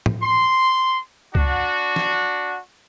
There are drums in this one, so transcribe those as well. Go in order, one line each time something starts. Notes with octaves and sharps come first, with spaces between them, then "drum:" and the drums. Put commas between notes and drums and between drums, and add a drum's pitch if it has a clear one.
drum: tom A2
C6
D4 F#4, drum: kick C#2
drum: snare